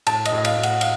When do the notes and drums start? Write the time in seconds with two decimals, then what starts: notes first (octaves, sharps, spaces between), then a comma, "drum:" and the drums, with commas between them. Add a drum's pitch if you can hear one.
0.07 A2 A5, drum: cymbal
0.25 D#5, drum: cymbal
0.32 A2
0.37 D#5
0.45 F5, drum: cymbal
0.56 A2
0.63 F#5, drum: cymbal
0.81 F5, drum: cymbal